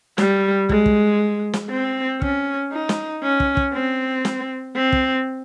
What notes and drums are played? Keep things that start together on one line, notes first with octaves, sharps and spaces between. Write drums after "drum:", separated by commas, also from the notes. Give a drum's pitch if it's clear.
G3, drum: snare
G#3, drum: kick
drum: kick
drum: snare
C4
C#4, drum: kick
D#4
drum: snare
C#4
drum: kick
drum: kick
C4
drum: snare
C4
drum: kick